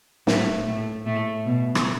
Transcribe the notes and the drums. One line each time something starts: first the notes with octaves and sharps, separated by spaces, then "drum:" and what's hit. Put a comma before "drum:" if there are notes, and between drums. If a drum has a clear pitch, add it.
A2 A3, drum: snare
A2 A3
A2 A3
B2
drum: rim click